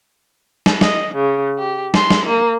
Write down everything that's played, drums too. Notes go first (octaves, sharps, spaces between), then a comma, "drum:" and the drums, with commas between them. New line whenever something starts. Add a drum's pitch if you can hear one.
drum: snare
D#5, drum: snare
C#3
G4
C6, drum: snare
drum: snare
A#3